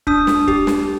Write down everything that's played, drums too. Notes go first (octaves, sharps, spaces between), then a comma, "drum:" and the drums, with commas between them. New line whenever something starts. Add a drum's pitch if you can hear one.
D4 D#6, drum: kick
drum: snare
G4, drum: kick
drum: snare